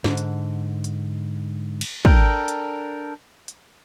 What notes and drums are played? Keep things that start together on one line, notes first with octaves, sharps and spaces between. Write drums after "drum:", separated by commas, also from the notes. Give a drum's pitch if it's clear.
G#2 D3, drum: snare
drum: hi-hat
drum: hi-hat
drum: cymbal
D4 A4 A#4 G5, drum: kick
drum: hi-hat
drum: hi-hat